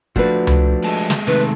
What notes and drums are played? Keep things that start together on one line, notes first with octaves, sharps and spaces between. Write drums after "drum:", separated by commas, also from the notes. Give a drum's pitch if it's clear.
F3 A3 D4 F#4 B4, drum: kick
drum: tom C#2
G#3 A4
drum: snare
C3 D#3 A3 B4